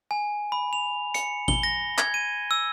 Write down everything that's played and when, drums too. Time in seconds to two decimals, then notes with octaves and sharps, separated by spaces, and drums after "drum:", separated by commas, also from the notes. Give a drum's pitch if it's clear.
0.11 G#5
0.52 B5
0.73 F7
1.14 C#7, drum: hi-hat
1.48 G7, drum: kick G#1
1.63 A#6
1.98 G#6, drum: clap
2.14 D#7
2.51 E6